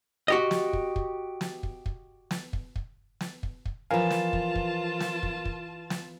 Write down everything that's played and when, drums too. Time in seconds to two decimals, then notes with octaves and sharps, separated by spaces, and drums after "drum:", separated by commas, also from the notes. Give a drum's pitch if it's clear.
0.28 F#4 G4 D#5
0.51 drum: snare
0.73 drum: kick
0.96 drum: kick
1.41 drum: snare
1.63 drum: kick
1.86 drum: kick
2.31 drum: snare
2.53 drum: kick
2.76 drum: kick
3.21 drum: snare
3.43 drum: kick
3.65 drum: kick
3.91 E3 F3 F4 A#4 B4 F5 G#5 A5
4.10 drum: snare
4.33 drum: kick
4.55 drum: kick
5.00 drum: snare
5.23 drum: kick
5.45 drum: kick
5.90 drum: snare